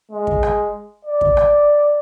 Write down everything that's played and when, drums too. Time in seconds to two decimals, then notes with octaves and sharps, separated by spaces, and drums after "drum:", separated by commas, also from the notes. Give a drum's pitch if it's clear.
0.11 G#3
0.27 drum: kick
0.43 drum: rim click
1.05 D5
1.21 drum: kick
1.37 drum: rim click